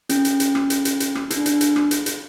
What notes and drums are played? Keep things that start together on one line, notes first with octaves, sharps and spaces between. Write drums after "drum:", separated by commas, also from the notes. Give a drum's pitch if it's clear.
C#4, drum: hi-hat
drum: hi-hat
drum: hi-hat
drum: rim click
drum: hi-hat
drum: hi-hat
drum: hi-hat
drum: rim click
D4, drum: hi-hat
D4, drum: hi-hat
drum: hi-hat
drum: rim click
drum: hi-hat
drum: hi-hat